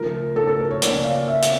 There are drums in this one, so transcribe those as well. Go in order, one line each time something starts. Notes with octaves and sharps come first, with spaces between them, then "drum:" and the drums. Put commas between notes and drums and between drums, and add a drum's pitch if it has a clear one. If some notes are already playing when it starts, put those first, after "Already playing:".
Already playing: C#3 F3 A3 A#4
A4
A4
A#4
C#5
C#3 F3 A#3 C#4 D5, drum: hi-hat
F5
E5
drum: hi-hat